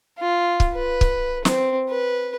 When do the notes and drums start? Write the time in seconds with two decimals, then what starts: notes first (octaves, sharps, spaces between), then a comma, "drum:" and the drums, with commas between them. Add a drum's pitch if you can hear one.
0.19 F4
0.60 drum: kick C#1
0.74 B4
1.01 drum: kick C#1
1.45 C4, drum: snare
1.89 B4